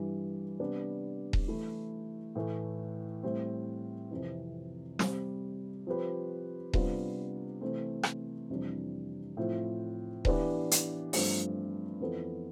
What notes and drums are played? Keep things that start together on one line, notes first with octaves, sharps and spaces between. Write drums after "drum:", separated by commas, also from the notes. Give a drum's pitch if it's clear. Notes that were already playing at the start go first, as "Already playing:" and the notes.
Already playing: G2 E3 G3
C3 G3 B3 D4 G4
drum: kick D#1
E3 A3 E4
A2 E3 A3
A2 G3 C4
F2 C3 E3
C3 G3 C4, drum: snare
F3 C4 G4 B4
C3 G3 B3 D4 F4, drum: kick D#1
C3 E3 A3 C4
drum: rim click
F2 C3 E3 G3 D4
A2 F3 C4 F4
E3 B3 D4 G4 B4, drum: kick D#1
drum: hi-hat
G2 F3 A3 C4 F4, drum: open hi-hat
F2 E3 B3 F4 A4